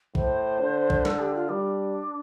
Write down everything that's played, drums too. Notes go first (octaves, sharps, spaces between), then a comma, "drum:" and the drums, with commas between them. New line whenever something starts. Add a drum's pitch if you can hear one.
A2 C5, drum: kick
D3
drum: kick
A4, drum: snare
G4
F4
G3 D4